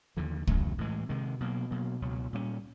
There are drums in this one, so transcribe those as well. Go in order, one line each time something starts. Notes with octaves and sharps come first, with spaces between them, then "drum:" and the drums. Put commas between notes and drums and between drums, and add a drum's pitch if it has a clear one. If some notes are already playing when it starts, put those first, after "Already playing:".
D#2 D3 F3
E2 C#3 F#3 A3, drum: kick
A2 E3 G#3
C3 D#3 G#3
B2 F#3 A#3
B2 F#3 A#3
C#2 B2 F#3
A#2 G3 A#3 C#4